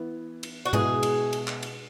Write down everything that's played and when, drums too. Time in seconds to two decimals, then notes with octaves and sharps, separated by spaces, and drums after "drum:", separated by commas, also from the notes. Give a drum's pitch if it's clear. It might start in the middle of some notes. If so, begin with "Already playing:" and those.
Already playing: E3 B3 E4
0.43 drum: cymbal
0.65 F#4
0.73 B2 G#3 B3 E4 G#4, drum: tom G#2
1.03 drum: cymbal
1.33 drum: cymbal
1.48 drum: clap
1.63 drum: cymbal